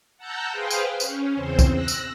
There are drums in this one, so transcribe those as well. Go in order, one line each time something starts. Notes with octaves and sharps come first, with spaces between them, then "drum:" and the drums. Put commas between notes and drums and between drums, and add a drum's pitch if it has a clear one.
F#5 A5 A#5 E6 F#6 G6
G#4 B4 C5 F5 G5
drum: tambourine
C#4, drum: tambourine
E2 C#3 C4 C5
drum: kick C2, tambourine
E6 F#6 A#6
drum: tambourine